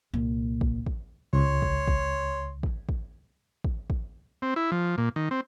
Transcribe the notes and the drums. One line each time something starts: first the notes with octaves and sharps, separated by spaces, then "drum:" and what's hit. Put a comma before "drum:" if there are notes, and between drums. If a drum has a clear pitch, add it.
C2 A#2
drum: kick
drum: kick
C#2 C#5 C6
drum: kick
drum: kick
drum: kick
drum: kick
drum: kick
drum: kick
C4
E4
F3
A#2
D#3
C4